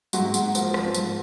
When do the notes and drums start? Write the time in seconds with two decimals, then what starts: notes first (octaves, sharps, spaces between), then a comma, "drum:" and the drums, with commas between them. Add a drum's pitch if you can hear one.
0.13 G#2 F#3 F#4, drum: tambourine
0.34 G#2, drum: tambourine
0.55 F3, drum: tambourine
0.74 F3, drum: rim click
0.94 G#2, drum: tambourine